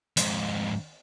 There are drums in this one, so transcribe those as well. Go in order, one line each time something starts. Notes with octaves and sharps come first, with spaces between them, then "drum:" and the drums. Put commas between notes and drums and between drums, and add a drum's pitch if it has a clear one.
F2 G#2, drum: hi-hat